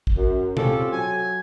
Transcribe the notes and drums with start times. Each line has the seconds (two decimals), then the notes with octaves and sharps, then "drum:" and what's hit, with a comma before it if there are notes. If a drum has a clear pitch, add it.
0.07 drum: kick
0.16 F#2
0.57 C4 C#4 F4 G4 A4, drum: tom B2
0.93 F#3 G#5